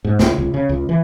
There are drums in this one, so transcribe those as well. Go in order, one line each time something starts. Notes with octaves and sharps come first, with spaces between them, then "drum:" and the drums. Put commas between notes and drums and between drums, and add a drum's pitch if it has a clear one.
G#2
C#2, drum: snare
C#2
C#3
C#2
E3